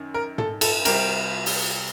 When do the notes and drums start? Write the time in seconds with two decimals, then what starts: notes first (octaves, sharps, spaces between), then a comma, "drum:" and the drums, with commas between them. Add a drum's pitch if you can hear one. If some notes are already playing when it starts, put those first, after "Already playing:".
Already playing: F#2 D#3
0.14 A#4
0.38 A4, drum: tom
0.61 A4, drum: cymbal
0.85 C2 C3 G3 C4 A#4, drum: cymbal
1.46 drum: open hi-hat